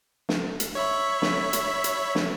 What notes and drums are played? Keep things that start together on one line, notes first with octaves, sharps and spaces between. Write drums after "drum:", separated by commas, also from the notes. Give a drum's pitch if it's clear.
drum: snare
drum: hi-hat
C#5 E5 B5
drum: snare
drum: hi-hat
drum: hi-hat
drum: snare